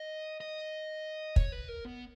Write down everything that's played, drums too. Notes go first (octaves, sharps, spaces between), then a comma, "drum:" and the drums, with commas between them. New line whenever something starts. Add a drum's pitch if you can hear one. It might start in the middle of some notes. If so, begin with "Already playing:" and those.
Already playing: D#5
D#5
C#5, drum: kick
B4
A#4
B3